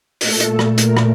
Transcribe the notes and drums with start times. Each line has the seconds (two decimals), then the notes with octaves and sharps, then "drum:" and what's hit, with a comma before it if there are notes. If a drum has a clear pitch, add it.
0.21 A#2 A3 A4, drum: open hi-hat
0.40 drum: hi-hat
0.59 drum: rim click
0.78 A#4, drum: hi-hat
0.97 drum: rim click